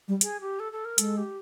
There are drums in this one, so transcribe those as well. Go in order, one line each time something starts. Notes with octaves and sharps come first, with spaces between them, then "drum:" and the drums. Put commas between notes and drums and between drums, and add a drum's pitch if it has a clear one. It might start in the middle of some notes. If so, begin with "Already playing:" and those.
G3
G#4, drum: hi-hat
G4
A4
A4
A#4
G#3 A4, drum: hi-hat
G4